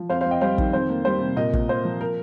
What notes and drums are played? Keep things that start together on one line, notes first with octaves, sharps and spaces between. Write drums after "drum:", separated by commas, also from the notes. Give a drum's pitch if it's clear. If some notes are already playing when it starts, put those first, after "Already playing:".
Already playing: F3
F2 C5 F5
C5 F5
F2
D#5 G5
G3 C5 F5
D#3, drum: kick
F2 C5
A#3
G3 C5
C3
A#2 A#4 D#5
A#2, drum: kick
A#3 C5
F3
A#4